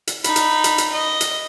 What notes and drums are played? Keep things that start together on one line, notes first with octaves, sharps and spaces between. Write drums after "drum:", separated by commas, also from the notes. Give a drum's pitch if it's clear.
drum: hi-hat
D#4 B5, drum: hi-hat
drum: hi-hat
drum: hi-hat
drum: hi-hat
D#5
drum: hi-hat